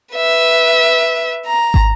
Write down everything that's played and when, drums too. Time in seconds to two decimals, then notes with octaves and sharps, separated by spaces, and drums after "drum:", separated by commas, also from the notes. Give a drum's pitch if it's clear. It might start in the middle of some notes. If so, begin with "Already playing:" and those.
0.15 B4 E5
1.46 A#5
1.74 drum: kick